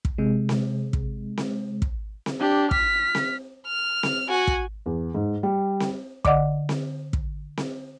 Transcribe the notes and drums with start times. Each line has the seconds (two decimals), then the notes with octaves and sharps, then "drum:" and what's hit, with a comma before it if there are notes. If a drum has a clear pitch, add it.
0.05 drum: kick
0.18 C3 G#3
0.49 drum: snare C4
0.93 drum: kick
1.37 drum: snare C4
1.82 drum: kick
2.26 drum: snare C4
2.40 D4 G4
2.71 F6 B6, drum: kick
3.15 drum: snare C4
3.67 F6
4.03 drum: snare C4
4.28 F#4 G#5
4.47 drum: kick
4.86 E2
5.15 G#2
5.43 G3
5.80 drum: snare C4
6.25 D3 D5 D#5 F#5 D6, drum: kick
6.69 drum: snare C4
7.13 drum: kick
7.57 drum: snare C4